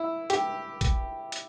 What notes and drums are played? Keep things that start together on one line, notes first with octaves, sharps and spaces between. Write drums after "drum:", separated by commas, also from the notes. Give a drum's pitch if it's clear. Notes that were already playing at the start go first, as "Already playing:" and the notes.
Already playing: E4
G4, drum: hi-hat
drum: kick A1, hi-hat
drum: hi-hat